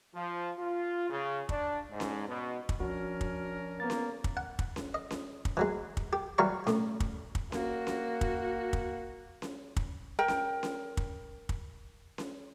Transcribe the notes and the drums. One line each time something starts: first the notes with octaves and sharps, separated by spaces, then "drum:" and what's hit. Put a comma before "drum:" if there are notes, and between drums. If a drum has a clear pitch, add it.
F3
F4
C#3
D4, drum: kick
G#2
drum: snare C#4
B2
drum: kick
F3 C#4 D4 F#4 A#4
drum: kick
A#3 B3 A6
drum: snare C#4
drum: kick
F#5
drum: kick
drum: snare C#4
D#5
drum: snare C#4
drum: kick
E3 F#3 G#3
drum: kick
G4
E3 F#3 G3 F5 A#5 C#6
A2, drum: snare C#4
drum: kick
drum: kick
A#3 F#4, drum: snare C#4
drum: snare C#4
drum: kick
drum: kick
drum: snare C#4
drum: kick
A#4 G5
drum: snare C#4
drum: snare C#4
drum: kick
drum: kick
drum: snare C#4